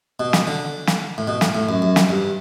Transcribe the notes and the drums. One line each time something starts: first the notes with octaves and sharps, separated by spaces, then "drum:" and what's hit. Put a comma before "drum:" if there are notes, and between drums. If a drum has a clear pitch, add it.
B2
drum: snare
D3
drum: snare
A2
B2
A2, drum: snare
A2
F#2
F#2
drum: snare
G2